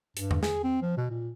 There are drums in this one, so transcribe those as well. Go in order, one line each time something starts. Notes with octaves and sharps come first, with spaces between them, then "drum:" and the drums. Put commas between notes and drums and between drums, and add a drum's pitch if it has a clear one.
G2, drum: hi-hat
drum: tom E2
G#4, drum: snare
C4
F3
B2
A#2